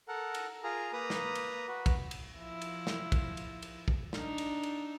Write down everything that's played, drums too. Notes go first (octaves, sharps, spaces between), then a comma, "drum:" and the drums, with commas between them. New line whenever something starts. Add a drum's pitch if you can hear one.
A4 A#4 F#5
drum: cymbal
F4 G#4 A#4 A#5
A#3 B4 A#5 D#6
drum: snare
drum: cymbal
F#4 B4
drum: kick, cymbal
drum: cymbal
F3 E4
drum: cymbal
drum: snare
drum: kick, cymbal
drum: cymbal
drum: cymbal
drum: kick
D4 D#4, drum: snare
drum: cymbal
drum: cymbal